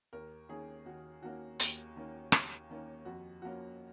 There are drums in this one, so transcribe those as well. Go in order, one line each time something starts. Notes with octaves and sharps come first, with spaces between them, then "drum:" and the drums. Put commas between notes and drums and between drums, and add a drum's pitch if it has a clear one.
D#2 A#4
D#3 A#3 C#4 G#4
D#2 F#4
D#3 A#3 C#4 F#4
D#2, drum: hi-hat
D#3 A#3 C#4
D#2, drum: rim click
D#3 A#3 C#4
F2 F#4
F3 A#3 C#4 F#4